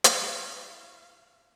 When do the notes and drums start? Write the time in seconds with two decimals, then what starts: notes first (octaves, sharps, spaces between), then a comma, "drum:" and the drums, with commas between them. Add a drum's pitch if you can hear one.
0.04 drum: hi-hat
0.20 E4 F5 C#6